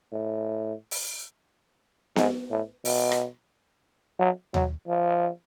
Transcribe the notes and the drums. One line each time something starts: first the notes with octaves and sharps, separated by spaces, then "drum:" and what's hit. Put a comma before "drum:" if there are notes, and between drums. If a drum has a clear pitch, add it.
A2
drum: open hi-hat
G#2, drum: snare B3
A2
B2, drum: open hi-hat
drum: rim click
F#3
F#3, drum: tom D#2
F3